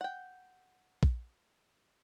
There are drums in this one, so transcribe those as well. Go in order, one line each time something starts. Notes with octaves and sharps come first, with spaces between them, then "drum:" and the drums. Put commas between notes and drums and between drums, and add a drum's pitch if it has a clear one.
F#5 G5
drum: kick